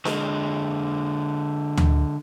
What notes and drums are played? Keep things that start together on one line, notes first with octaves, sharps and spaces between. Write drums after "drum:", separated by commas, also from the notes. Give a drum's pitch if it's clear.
D3 G#3, drum: snare D4
drum: tom D2